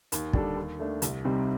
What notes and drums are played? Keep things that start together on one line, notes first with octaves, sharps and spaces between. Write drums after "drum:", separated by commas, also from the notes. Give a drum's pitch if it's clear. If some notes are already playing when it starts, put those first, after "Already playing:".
D#2, drum: hi-hat
D3 G3 D4 A4, drum: kick
D#2
D#3 A3 D4
C2, drum: hi-hat
C3 G3 C4 D#4